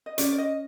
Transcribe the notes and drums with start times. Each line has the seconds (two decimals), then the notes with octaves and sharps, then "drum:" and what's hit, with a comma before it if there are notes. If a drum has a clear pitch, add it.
0.06 D#5
0.18 C#4 D5, drum: hi-hat
0.32 D5
0.38 D#5